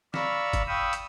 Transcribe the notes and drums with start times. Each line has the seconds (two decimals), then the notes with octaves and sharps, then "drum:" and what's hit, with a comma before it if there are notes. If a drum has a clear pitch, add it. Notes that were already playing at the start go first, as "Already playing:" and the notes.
0.14 D5 F5 A#5 B5 C#6 E6, drum: snare
0.53 drum: kick, hi-hat
0.68 F5 G5 B5 C#6 D#6 E6
0.93 drum: hi-hat